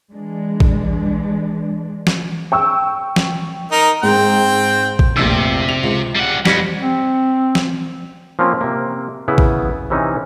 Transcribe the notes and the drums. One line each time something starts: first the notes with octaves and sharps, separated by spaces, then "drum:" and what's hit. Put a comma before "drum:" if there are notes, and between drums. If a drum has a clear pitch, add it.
E3 G#3 D4
drum: kick A1
drum: snare
G5 C#6 E6
drum: snare
D#4 A#4
G#2 C4 G5
drum: kick A1
F1 A#1 C3 E6
F7
C#2
G3 F#5
F2 G3 G#6 C#7, drum: snare
C4
drum: snare
F3 A#3 C4 C#4 F4
C3 A#3
C#3 B3 E4
drum: kick A1
C3 E3 C#4 D#4